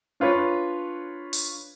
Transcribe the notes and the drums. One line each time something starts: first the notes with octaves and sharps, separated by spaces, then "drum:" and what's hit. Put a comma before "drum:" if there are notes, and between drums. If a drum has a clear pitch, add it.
D4 F4 B4 C#5
drum: open hi-hat